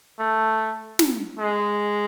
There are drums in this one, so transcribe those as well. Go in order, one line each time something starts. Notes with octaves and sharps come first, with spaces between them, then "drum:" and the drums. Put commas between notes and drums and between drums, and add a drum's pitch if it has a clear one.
A3
drum: snare
G#3